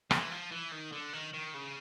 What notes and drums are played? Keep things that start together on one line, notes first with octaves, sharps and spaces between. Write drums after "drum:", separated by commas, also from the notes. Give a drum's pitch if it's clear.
E3, drum: rim click
F3
E3
D#3
D3
D#3
D#3
C#3